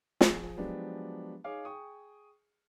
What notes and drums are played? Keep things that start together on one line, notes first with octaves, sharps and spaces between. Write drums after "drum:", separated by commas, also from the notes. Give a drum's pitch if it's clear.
F3 G#4, drum: snare
F3 F#3 G#3 B3 D4 G4
D#4 G#4 C#5 F5 D6
G#4 G5 C#6 D#6